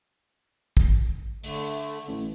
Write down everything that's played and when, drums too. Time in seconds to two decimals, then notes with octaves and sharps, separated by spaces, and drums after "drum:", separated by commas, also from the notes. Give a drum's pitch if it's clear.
0.77 drum: kick
1.44 D3 A3, drum: open hi-hat
2.08 A1